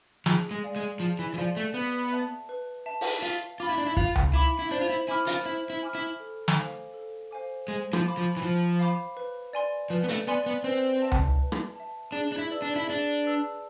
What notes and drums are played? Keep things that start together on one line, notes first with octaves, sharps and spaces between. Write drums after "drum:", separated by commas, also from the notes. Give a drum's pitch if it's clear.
F3 G#4, drum: snare
G#3
D5 F5 G#5
G#3
F3 G#4
E3
E3
F3 D5 F5 G#5
A3
B3 B4
E5 A5
B4
E5 A5
drum: open hi-hat
F4 F5
F4 B5 D6
E4
D4
E4
F4 F5, drum: kick
drum: tom C#2
E4 B5 D6
E4
D4 C5
F4
E4
E4 G#5 B5 D6 F6
F4, drum: hi-hat
E4 C5
E4
G#5 B5 D6 F6
E4
A4
drum: snare
C5 F5 G#5 D6
A4
C5 F5 G#5 D6
G#3 C5
F3, drum: rim click
F5 B5 D6
F3
E3
F3 C5
F5 B5 D6
B4
D5 G#5 C6
F3 B4
B3
A3, drum: hi-hat
B3 D5 G#5 C6
B3
C4 B4
E5 A5
drum: tom C#2
B4
drum: rim click
E5 A5
D4 G#4
D4
E4
B4 D5 A5 E6
D4
E4
D4 G#4
B4 D5 A5 E6